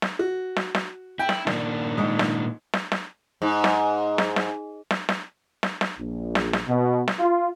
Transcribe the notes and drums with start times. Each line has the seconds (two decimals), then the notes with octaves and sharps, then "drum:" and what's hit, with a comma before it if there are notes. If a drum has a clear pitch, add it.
0.02 drum: snare
0.19 F#4
0.56 drum: snare
0.75 drum: snare
1.19 E4 G5
1.29 drum: snare
1.47 A#2 D#3 D4, drum: snare
1.98 G#2
2.19 drum: snare
2.74 drum: snare
2.92 drum: snare
3.42 G#2
3.64 drum: snare
4.18 drum: snare
4.36 drum: snare
4.91 drum: snare
5.09 drum: snare
5.63 drum: snare
5.81 drum: snare
5.98 A#1
6.35 drum: snare
6.53 drum: snare
6.66 B2
7.08 drum: snare
7.19 F4